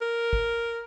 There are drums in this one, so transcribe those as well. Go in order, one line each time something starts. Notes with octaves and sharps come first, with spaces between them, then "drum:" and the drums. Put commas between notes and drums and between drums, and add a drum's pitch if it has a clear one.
A#4
drum: kick